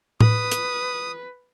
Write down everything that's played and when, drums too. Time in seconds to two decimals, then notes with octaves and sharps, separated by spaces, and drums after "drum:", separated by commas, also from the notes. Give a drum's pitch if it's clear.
0.21 B4 D#6, drum: tom A2
0.51 drum: hi-hat